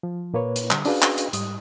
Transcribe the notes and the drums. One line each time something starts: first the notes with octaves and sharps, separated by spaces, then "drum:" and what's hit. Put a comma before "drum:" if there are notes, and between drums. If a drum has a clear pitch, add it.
F3
A#2 A#3 B4 C#5
drum: hi-hat
D3 G3, drum: clap
C#4 D4 F#4 G#4 B4 F5, drum: open hi-hat
drum: clap
drum: hi-hat
G#2 G3 D#6, drum: hi-hat